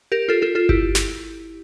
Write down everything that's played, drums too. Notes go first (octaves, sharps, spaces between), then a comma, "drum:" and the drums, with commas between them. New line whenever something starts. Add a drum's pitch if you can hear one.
G4 A#4
F4 A4
F4 A4
F4 A4
E4 G4, drum: kick G1
drum: snare